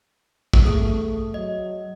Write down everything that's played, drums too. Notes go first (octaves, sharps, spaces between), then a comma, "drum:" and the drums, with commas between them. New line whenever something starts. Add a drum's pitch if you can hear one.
drum: kick
A3 G#4 D#6
F#3 D#5